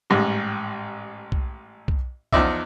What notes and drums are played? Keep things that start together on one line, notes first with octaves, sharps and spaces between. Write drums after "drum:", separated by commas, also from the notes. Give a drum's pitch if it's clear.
A1 G#2 G3 G4
drum: kick
drum: kick
E2 F3 D#4 D5 E5, drum: kick